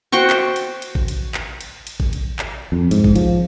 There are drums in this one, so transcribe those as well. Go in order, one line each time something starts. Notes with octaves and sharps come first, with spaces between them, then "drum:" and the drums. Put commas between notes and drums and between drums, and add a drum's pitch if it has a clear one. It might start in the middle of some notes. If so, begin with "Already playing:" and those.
F#4 C5 G5 C#6
drum: clap
drum: cymbal
drum: cymbal
drum: kick G#1
drum: cymbal
drum: clap
drum: cymbal
drum: cymbal
drum: kick G#1
drum: cymbal
drum: clap
F2
G#2, drum: cymbal
drum: kick G#1
F3, drum: cymbal